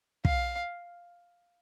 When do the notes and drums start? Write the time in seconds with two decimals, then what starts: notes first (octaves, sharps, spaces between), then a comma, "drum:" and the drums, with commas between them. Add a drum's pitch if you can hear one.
0.25 F5, drum: kick